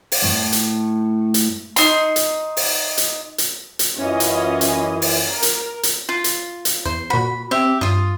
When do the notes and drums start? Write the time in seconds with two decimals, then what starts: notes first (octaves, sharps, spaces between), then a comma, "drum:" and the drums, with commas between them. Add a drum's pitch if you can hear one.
0.12 drum: open hi-hat
0.22 A2 A3
0.52 drum: hi-hat
1.34 drum: hi-hat
1.76 D#4 C6, drum: hi-hat
2.16 drum: hi-hat
2.57 drum: open hi-hat
2.97 drum: hi-hat
3.38 drum: hi-hat
3.79 drum: hi-hat
3.97 F#2 E3 C#4 F4 D#5
4.20 drum: hi-hat
4.61 drum: hi-hat
5.02 drum: open hi-hat
5.28 A#4
5.43 drum: hi-hat
5.83 drum: hi-hat
6.09 F4
6.24 drum: hi-hat
6.65 drum: hi-hat
6.85 E2 C5
7.10 A#2 F#4 B5
7.51 C4 G4 E5
7.81 G2 F4 D#6